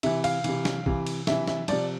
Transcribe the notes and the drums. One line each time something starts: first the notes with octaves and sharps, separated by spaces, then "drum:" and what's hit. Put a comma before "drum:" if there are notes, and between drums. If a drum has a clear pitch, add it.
C3 E3 E5, drum: cymbal
F5, drum: cymbal
C3 E3, drum: cymbal
drum: snare
C3 E3, drum: kick
drum: cymbal
C3 E3 E5, drum: snare
E5, drum: snare
C3 F3 D5, drum: cymbal